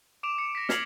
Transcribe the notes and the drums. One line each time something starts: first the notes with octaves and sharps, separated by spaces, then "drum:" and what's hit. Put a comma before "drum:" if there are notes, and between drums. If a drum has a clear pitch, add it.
D6 D7 E7 F7
C#7
A#6 B6
F6 G#6 B6 C7 F7 F#7, drum: snare